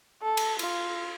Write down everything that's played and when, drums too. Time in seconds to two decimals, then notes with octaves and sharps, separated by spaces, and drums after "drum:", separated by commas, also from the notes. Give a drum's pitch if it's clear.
0.22 A4
0.37 drum: cymbal
0.59 F4, drum: cymbal